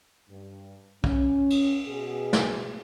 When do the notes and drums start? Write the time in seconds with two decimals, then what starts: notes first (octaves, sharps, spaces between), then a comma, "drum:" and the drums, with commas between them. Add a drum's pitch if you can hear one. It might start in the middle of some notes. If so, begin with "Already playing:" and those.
0.29 G2
1.04 C#4, drum: kick
1.50 drum: cymbal
1.87 B2 G#4
2.33 drum: snare